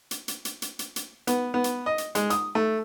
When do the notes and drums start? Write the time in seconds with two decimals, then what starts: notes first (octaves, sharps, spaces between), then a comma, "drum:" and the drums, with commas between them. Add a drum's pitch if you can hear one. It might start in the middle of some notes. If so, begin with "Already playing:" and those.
0.11 drum: hi-hat
0.28 drum: hi-hat
0.45 drum: hi-hat
0.62 drum: hi-hat
0.79 drum: hi-hat
0.96 drum: hi-hat
1.27 B3, drum: hi-hat
1.54 B3
1.64 drum: hi-hat
1.86 D#5
1.98 drum: hi-hat
2.15 G#3, drum: hi-hat
2.30 D#6, drum: hi-hat
2.55 A3